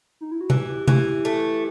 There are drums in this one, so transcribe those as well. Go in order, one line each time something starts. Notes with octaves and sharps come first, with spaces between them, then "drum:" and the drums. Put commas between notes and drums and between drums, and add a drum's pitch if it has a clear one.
D#4
E4
F#4
E3 G4, drum: tom
E3, drum: tom C3
A3